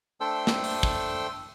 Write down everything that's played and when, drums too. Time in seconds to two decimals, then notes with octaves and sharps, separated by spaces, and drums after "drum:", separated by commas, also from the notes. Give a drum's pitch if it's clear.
0.21 A3 D4 A4 C5 G5 E6
0.47 drum: snare
0.64 drum: open hi-hat
0.83 drum: kick